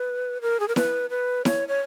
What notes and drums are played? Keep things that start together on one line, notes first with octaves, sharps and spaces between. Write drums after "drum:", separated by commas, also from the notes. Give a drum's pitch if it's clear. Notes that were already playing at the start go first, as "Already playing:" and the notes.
Already playing: B4
A#4
G#4
A#4
B4, drum: snare E4
B4
C#5, drum: snare E4
C#5